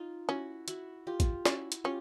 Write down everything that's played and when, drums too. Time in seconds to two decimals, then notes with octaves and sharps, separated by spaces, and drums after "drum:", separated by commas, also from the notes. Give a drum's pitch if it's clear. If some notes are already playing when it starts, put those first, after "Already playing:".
Already playing: D#4 F4
0.29 C#4 E4 F#4
0.68 E4 F#4, drum: hi-hat
1.07 F4 G4
1.20 drum: kick, hi-hat
1.45 C#4 E4 F#4, drum: snare
1.72 drum: hi-hat
1.84 C#4 F4 G4